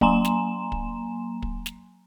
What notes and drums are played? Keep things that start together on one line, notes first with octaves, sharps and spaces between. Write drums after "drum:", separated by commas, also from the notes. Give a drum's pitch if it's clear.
F#3 A#3 G#5 A#5 C6 E7, drum: kick
drum: snare
drum: kick
drum: kick
drum: snare